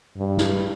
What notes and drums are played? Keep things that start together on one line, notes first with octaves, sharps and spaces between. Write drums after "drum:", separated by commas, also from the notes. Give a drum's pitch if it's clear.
G2
drum: snare